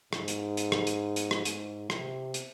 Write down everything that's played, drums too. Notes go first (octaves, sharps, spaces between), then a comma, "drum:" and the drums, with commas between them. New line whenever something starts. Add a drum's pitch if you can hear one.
G#2, drum: rim click
drum: hi-hat
drum: hi-hat
drum: rim click
drum: hi-hat
drum: hi-hat
drum: rim click
G#2, drum: hi-hat
C3, drum: rim click
drum: hi-hat